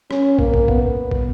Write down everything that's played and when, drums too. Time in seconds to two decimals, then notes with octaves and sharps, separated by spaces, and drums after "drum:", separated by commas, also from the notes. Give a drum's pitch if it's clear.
0.11 C#4, drum: rim click
0.39 A#3, drum: kick
0.54 drum: kick
0.68 B3, drum: kick
1.11 drum: kick